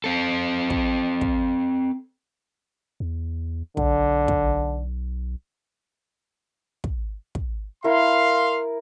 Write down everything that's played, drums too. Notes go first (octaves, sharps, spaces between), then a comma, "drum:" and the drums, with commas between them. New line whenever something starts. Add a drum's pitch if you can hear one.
C4 A4
drum: kick
drum: kick
E2
B1 D3, drum: kick
drum: kick
drum: kick
drum: kick
E4 A#4 F5 C6